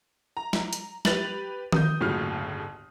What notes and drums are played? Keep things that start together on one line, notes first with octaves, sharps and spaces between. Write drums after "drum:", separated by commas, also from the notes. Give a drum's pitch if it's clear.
A#5
drum: snare
drum: hi-hat
G4 B4 A6 F7 F#7, drum: snare
D#6 G6, drum: tom D#3
G1 D#2 A2 C#3 F#3 F6